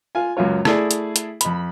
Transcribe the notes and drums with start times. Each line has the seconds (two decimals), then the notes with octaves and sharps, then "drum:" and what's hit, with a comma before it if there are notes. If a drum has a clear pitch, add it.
0.15 F4 G#5
0.37 C#2 F#2 F4 C#5
0.65 A3 E4 G#4 D5, drum: rim click
0.91 drum: hi-hat
1.16 drum: hi-hat
1.41 F2 B5, drum: hi-hat